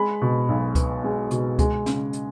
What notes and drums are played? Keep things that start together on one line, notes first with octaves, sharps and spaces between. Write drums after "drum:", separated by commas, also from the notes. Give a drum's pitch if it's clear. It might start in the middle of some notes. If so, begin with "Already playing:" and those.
Already playing: G#3 B5
B2
B1
B3, drum: kick C#2, hi-hat
G#3
B2, drum: hi-hat
G#3, drum: kick C#2, hi-hat
C#3, drum: snare
drum: hi-hat